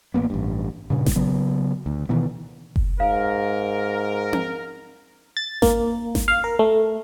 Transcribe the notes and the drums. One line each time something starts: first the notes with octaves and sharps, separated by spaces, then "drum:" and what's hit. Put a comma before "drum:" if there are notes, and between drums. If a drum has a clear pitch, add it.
A1 F#3 A#3 B3
A1 G2
G2 A#2 C#3
drum: snare G#1
C#3 F#3 B3
D2
B2 D#3 E3 B3
drum: kick F#1
G#2 A#4 F5
drum: tom C4
A6
A#3, drum: snare G#1
drum: snare G#1
F5
A#4
A3